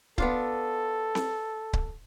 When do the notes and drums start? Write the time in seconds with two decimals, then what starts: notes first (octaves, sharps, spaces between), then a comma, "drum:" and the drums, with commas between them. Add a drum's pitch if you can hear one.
0.18 B3 D4 F4 A4, drum: kick C#1
1.15 drum: snare C4
1.73 drum: kick C#1